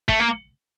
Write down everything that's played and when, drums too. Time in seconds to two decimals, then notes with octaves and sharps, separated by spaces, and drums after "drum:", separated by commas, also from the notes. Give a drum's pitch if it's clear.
0.09 A3, drum: kick
0.20 A#3